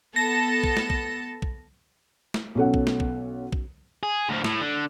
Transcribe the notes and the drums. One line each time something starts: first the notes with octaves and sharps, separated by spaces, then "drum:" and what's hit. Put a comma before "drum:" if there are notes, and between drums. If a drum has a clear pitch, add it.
B3 A4 A5 A#6
drum: kick
drum: snare
drum: kick
drum: kick
drum: snare
B1 B3 C#4 A4 F#5
drum: kick
drum: snare
drum: kick
drum: kick
G#4
D2 F3
A2, drum: snare
D3